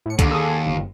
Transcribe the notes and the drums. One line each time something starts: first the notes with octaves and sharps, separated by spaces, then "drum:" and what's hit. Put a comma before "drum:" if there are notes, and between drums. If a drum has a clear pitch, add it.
A2 C#7
D#2 D3, drum: kick C2, hi-hat
G#4 A4
G1